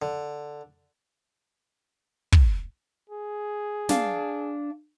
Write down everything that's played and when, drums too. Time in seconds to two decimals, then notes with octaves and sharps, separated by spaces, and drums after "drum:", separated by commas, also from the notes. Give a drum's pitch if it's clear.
0.02 D3
2.32 drum: kick
3.10 G#4
3.89 D4 F5, drum: snare